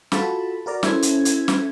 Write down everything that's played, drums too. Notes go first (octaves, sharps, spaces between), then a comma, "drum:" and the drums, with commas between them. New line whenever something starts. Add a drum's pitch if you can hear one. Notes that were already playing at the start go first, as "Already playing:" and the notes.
F4 F#4 A4 A5 B5, drum: snare
F#4 A#4 D5 A#5
C#4 E4 A4 C5 E5 G#6, drum: snare
drum: hi-hat
drum: hi-hat
drum: snare